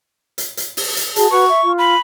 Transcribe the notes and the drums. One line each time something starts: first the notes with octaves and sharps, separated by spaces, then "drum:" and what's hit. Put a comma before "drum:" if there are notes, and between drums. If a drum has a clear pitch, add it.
drum: hi-hat
drum: hi-hat
drum: open hi-hat
drum: hi-hat
F#4 G#4 A5, drum: hi-hat
F#4 B4 C#6
E5
F4
B5